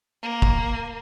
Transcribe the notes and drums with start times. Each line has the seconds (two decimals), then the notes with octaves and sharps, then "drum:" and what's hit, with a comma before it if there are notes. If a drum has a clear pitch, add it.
0.23 A#3
0.42 drum: kick